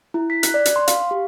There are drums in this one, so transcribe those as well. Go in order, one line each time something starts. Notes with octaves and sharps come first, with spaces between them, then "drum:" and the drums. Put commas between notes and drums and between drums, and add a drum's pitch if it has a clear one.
E4
B6
F#6, drum: hi-hat
D5
drum: hi-hat
C6
F5, drum: hi-hat
G4